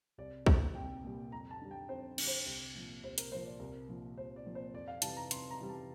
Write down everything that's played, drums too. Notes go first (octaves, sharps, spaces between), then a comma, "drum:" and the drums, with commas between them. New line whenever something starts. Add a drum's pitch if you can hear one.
C2 D5
A#2 G3, drum: kick B1
C2 G5
A#2 G3
F2 A#5
A5
D3 G3
G5
F2 C5
D3 G3, drum: cymbal
C5
C2
A#2 F3
C2 C5
A#4, drum: hi-hat
A#2 F3 C5
D5
C2 A#4
A#2 F3
C2 C5
D5
A#2 F3
C5
F2 D5
F5
C3 E3 G3 A5, drum: hi-hat
A#5
F2 C6, drum: hi-hat
A#5
C3 E3 G3
A5